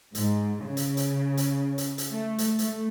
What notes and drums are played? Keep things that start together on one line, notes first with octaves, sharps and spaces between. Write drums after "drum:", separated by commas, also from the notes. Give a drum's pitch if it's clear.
G#2, drum: hi-hat
C#3
drum: hi-hat
drum: hi-hat
drum: hi-hat
drum: hi-hat
drum: hi-hat
A3
drum: hi-hat
A3, drum: hi-hat